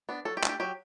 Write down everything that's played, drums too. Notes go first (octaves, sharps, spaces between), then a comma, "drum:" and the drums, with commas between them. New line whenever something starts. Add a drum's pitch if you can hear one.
B3 D4
F#3 A4
G4
A3 D4, drum: clap
G4
F#3 G4